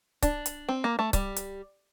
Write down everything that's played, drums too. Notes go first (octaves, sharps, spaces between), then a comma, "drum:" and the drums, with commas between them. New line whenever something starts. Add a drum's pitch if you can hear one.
D4, drum: kick C#1, hi-hat
drum: hi-hat
C4
A#3
A3
G3, drum: kick C#1, hi-hat
drum: hi-hat